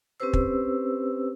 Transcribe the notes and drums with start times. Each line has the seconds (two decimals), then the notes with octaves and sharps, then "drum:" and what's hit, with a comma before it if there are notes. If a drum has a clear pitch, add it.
0.20 C4 C#4 G4 B4 C5 E6
0.33 drum: kick